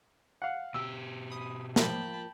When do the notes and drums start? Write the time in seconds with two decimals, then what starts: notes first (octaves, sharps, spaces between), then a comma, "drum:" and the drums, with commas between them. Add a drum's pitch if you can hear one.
0.42 F5 F#5
0.74 B2 G4 E6
1.30 B5 D#6
1.76 F3 A#3 G5 A5 B5, drum: snare